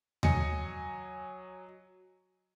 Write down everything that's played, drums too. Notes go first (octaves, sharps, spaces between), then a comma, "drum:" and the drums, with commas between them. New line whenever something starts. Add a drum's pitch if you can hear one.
F#3 D#5 G#5 C#7, drum: tom D#2